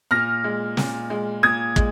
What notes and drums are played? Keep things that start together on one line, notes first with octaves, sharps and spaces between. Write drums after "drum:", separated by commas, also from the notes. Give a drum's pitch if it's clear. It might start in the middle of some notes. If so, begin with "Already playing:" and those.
A#2 F6 A#6
G#3
A#2, drum: snare
G#3
A#2 D#6 G#6
G#3, drum: kick